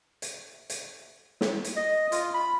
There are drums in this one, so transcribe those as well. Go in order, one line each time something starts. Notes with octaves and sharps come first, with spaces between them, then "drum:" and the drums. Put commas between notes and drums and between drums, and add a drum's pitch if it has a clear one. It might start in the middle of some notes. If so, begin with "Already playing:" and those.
drum: hi-hat
drum: hi-hat
drum: snare
drum: hi-hat
D#5
F4, drum: hi-hat
B5